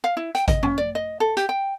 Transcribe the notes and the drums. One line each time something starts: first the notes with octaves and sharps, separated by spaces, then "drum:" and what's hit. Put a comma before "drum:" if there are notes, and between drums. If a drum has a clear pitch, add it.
F5
E4
G5, drum: hi-hat
D#5, drum: kick G#1, hi-hat
C#4, drum: tom F#2
D5
D#5
A4
G4, drum: hi-hat
G5